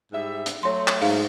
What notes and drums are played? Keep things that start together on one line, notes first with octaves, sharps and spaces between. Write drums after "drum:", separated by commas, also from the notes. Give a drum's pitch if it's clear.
G#2 G3 E5
drum: hi-hat
F#3 A3 C#5 C6
drum: clap
G#2 F5, drum: open hi-hat